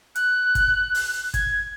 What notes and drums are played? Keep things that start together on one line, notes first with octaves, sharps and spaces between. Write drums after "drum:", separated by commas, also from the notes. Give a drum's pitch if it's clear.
F#6, drum: hi-hat
drum: kick, hi-hat
drum: open hi-hat
G#6, drum: kick, hi-hat